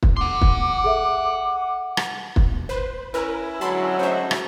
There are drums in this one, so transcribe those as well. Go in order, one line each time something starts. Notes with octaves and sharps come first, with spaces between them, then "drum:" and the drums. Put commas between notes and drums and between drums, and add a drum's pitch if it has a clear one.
drum: kick
F#5 C6 D6
drum: kick
G#4 A4 E5
drum: rim click
drum: kick
B4 C5
C#4 E4 A#4 B4
D3 F#3 G#3 F#4 A5 B5 C6
A3 C#4 D#4 C5 E5
drum: rim click